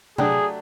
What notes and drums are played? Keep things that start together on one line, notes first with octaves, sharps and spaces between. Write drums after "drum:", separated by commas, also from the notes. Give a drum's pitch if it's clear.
F#3 A3 D4 G4 G#4, drum: tom C3